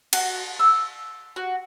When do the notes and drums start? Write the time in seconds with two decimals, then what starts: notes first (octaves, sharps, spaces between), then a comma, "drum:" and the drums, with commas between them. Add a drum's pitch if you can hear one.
0.13 F#4, drum: cymbal
0.59 E6
1.36 F#4